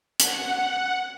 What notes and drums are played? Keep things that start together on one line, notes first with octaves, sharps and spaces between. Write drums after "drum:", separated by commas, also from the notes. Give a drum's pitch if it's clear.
F#5, drum: hi-hat